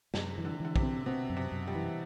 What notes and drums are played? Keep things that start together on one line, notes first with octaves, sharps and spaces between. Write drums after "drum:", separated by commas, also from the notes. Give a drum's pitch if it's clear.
F#2 C3, drum: snare
E3
D3
D3 E3
C3, drum: kick
C4
B2 C4
F#2
C3
F#2
G3
E3